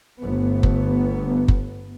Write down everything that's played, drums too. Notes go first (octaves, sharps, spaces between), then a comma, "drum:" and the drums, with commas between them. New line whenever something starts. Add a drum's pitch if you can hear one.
G1 A3 B3
drum: kick F#1
drum: kick F#1